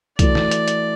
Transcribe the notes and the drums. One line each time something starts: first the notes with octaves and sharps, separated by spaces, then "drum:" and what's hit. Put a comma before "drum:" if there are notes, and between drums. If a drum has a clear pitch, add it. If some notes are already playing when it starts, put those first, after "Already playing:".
E3 A3 F#4 D5, drum: kick C2, hi-hat
drum: snare
drum: hi-hat
drum: hi-hat